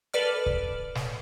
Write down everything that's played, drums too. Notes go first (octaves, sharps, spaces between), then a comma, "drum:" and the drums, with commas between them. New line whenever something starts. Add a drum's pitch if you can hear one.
A4 B4 D5 F6
drum: kick C#1
drum: snare